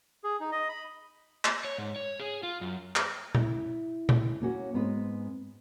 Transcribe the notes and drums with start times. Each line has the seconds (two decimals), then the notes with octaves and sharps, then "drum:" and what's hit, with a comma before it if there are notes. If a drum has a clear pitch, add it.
0.24 G#4
0.40 D#4
0.52 D#5
0.69 B5
1.45 drum: clap
1.65 C#5
1.78 G#2
1.96 C#5
2.20 G#4
2.43 F4
2.61 F#2
2.96 drum: clap
3.35 E4, drum: tom A#2
4.09 drum: tom A#2
4.41 A#3 C#4 F#4
4.74 G#2 B3 C4 B4